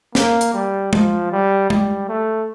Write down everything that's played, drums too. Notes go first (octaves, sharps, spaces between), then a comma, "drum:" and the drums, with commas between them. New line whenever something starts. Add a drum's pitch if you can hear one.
A#3, drum: snare
drum: hi-hat
G3
F3, drum: tom G#3
G3
G3, drum: tom G#3
A3